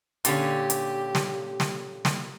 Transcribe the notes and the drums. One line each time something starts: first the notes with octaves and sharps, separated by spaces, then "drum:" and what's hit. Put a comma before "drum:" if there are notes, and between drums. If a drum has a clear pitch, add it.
A#2 D3 C#4 G4, drum: hi-hat
drum: hi-hat
drum: snare
drum: snare
drum: snare